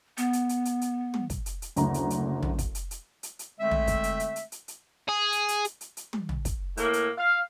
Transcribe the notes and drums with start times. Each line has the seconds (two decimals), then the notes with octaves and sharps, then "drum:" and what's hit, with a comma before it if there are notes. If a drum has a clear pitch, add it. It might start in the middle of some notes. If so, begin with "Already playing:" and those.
0.17 B3, drum: hi-hat
0.33 drum: hi-hat
0.49 drum: hi-hat
0.65 drum: hi-hat
0.81 drum: hi-hat
1.14 drum: tom
1.30 drum: kick, hi-hat
1.46 drum: hi-hat
1.62 drum: hi-hat
1.76 F#1 D2 A#5, drum: hi-hat
1.94 drum: hi-hat
2.10 drum: hi-hat
2.42 drum: tom
2.59 drum: kick, hi-hat
2.75 drum: hi-hat
2.91 drum: hi-hat
3.23 drum: hi-hat
3.39 drum: hi-hat
3.60 D3 G#3 A3 C4 E5
3.71 drum: tom
3.87 drum: kick, hi-hat
4.04 drum: hi-hat
4.20 drum: hi-hat
4.36 drum: hi-hat
4.52 drum: hi-hat
4.68 drum: hi-hat
5.09 G#4
5.32 drum: hi-hat
5.48 drum: hi-hat
5.65 drum: hi-hat
5.81 drum: hi-hat
5.97 drum: hi-hat
6.13 drum: tom
6.29 drum: tom
6.45 drum: kick, hi-hat
6.77 A2 A#3, drum: hi-hat
6.93 drum: hi-hat
7.17 F5